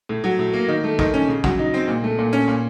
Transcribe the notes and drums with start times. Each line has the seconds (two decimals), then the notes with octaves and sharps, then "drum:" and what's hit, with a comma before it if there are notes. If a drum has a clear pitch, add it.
0.09 A2
0.24 F#3
0.39 A2
0.53 A#3
0.68 D#3
0.84 A3
0.99 D#3, drum: kick
1.14 C#4
1.28 C#3
1.44 F#3, drum: kick
1.59 D#4
1.74 C4
1.88 A#2
2.04 A3
2.19 A#2
2.33 C#4
2.48 A#2